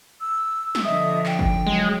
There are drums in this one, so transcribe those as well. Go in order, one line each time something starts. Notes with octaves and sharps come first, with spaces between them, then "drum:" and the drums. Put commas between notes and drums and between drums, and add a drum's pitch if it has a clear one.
E6
drum: snare
D3 F3 D#5 E5 D#6
G5, drum: clap
drum: kick F#1
F#3 G#3